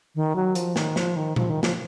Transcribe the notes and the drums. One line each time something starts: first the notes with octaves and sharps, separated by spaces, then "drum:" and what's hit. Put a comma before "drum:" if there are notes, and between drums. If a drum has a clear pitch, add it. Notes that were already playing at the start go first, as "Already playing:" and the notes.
D#3
F#3
F3, drum: hi-hat
D#3, drum: snare
F3, drum: snare
D#3
F3, drum: tom A#2
D#3
F3, drum: snare